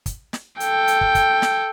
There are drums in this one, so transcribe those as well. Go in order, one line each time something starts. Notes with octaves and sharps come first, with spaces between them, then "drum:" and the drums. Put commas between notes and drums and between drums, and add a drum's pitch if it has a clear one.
drum: kick, hi-hat
drum: snare
A4 G5, drum: hi-hat
drum: hi-hat
drum: kick
drum: kick, hi-hat
drum: snare